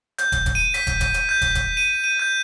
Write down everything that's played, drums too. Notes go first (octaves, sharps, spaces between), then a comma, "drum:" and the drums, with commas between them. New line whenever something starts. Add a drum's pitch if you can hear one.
G6, drum: hi-hat
drum: kick, hi-hat
drum: kick, hi-hat
D#7
B6, drum: hi-hat
drum: kick, hi-hat
drum: kick, hi-hat
drum: hi-hat
G6
drum: kick, hi-hat
drum: kick, hi-hat
D#7
D#7
G6